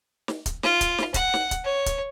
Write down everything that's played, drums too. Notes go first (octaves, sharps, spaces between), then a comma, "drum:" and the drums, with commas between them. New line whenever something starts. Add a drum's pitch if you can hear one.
drum: snare
drum: kick, hi-hat
F4, drum: snare
drum: kick, hi-hat
drum: snare
F#5, drum: kick, hi-hat
drum: snare
drum: kick, hi-hat
C#5
drum: kick, hi-hat